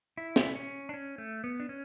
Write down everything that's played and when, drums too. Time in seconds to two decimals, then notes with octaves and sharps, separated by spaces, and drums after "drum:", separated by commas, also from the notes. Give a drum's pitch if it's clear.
0.18 E4
0.36 drum: snare
0.55 C#4
0.89 D4
0.94 C#4
1.18 A3
1.44 B3
1.60 D4
1.69 C#4